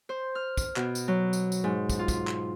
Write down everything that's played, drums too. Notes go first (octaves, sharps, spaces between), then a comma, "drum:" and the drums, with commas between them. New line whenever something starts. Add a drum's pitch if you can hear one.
C5
F6
drum: kick, tambourine
B2, drum: clap
drum: tambourine
F#3
drum: tambourine
drum: tambourine
G#2
drum: kick, tambourine
F4
drum: kick, tambourine
drum: clap